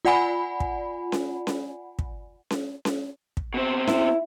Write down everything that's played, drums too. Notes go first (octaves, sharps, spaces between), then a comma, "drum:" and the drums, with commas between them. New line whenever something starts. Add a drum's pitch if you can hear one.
F4 D5 F#5 G#5 B5
drum: kick
drum: snare C#4
drum: snare C#4
drum: kick
drum: snare C#4
drum: snare C#4
drum: kick
B2 C4
E4, drum: snare C#4